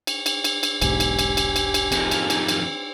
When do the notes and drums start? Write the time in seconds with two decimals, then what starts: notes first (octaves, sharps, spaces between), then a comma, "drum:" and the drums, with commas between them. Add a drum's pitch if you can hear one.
0.07 drum: cymbal
0.26 drum: cymbal
0.44 drum: cymbal
0.63 drum: cymbal
0.82 E1 B1 G#2 G4 G#5, drum: cymbal
1.00 drum: cymbal
1.19 drum: cymbal
1.37 drum: cymbal
1.56 drum: cymbal
1.74 drum: cymbal
1.92 F2 D#3, drum: cymbal
2.11 drum: cymbal
2.30 drum: cymbal
2.49 drum: cymbal